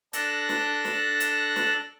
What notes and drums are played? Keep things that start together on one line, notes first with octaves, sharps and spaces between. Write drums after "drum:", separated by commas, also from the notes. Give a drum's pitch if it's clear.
D4 A4 F#6 A#6, drum: hi-hat
drum: snare
drum: snare
drum: hi-hat
drum: snare